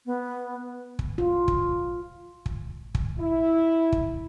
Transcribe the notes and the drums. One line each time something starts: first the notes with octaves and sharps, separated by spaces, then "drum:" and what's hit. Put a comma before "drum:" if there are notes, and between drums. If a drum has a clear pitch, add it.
B3
drum: kick
F4
drum: kick
drum: kick
drum: kick
E4
drum: kick